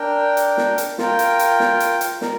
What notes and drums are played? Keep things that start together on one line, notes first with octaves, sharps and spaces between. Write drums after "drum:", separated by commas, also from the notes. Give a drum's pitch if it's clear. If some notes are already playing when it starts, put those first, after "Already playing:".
Already playing: D4 A#4 G5
drum: hi-hat
drum: snare
drum: hi-hat
F4 A#4 G5, drum: snare
drum: hi-hat
drum: hi-hat
drum: snare
drum: hi-hat
drum: hi-hat
A#4, drum: snare